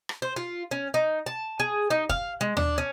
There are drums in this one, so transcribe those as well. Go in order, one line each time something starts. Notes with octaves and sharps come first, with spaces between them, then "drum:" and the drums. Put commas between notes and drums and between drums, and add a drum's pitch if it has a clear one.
drum: rim click
C5
F4
C#4
D#4
A5
G#4
D#4
F5, drum: kick
G#3
D4, drum: tom D#2
C#4